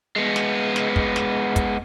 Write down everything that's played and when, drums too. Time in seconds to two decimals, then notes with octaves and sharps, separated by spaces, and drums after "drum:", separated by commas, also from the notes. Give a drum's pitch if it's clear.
0.16 G#3 B3
0.36 drum: snare
0.76 drum: snare
0.96 drum: kick
1.16 drum: snare
1.56 drum: kick, hi-hat